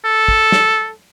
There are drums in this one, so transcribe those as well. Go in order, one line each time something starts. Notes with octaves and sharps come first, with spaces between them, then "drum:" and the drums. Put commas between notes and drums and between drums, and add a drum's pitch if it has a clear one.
A4
drum: kick
drum: snare